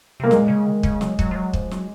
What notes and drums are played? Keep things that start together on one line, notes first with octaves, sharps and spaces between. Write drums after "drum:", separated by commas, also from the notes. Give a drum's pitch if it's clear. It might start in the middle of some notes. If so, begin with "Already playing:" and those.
C3 A#3
A#2 G#3, drum: snare
C#3
D#3
C#3, drum: kick
F#3, drum: snare
F#3, drum: kick
F3
F#3
F3, drum: kick
F#3, drum: snare